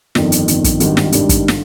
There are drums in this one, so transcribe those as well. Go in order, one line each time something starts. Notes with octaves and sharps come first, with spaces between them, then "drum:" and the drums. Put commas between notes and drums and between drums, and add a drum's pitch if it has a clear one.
G1 F2 D#3, drum: snare
drum: hi-hat
G1 F2 D#3, drum: hi-hat
drum: kick, hi-hat
G#1 G2 D#3 G3, drum: hi-hat
drum: snare
G#1 G2 D#3 G3, drum: hi-hat
drum: kick, hi-hat
D3, drum: snare